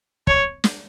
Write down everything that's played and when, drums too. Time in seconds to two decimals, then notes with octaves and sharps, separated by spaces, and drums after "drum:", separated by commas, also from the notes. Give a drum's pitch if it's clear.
0.27 C#5, drum: kick
0.64 drum: snare